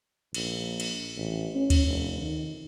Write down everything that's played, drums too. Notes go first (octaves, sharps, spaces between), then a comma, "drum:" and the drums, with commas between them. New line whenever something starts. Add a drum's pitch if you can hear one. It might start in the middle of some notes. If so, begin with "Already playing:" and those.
A#1, drum: cymbal
drum: cymbal
A1
C#4
drum: kick D2, cymbal
F1
D#3